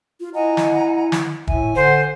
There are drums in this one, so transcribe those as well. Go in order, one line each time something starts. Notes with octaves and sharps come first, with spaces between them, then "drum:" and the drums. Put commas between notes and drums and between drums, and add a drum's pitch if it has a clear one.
F4
E4 D#5 F#5 G#5 A#5
drum: snare
drum: snare
A2 E5 G#5, drum: kick
D3 C5 F#5